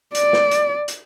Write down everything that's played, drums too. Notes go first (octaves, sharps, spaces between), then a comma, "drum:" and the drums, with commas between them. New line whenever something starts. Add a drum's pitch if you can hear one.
D5, drum: hi-hat
drum: snare
drum: hi-hat
drum: hi-hat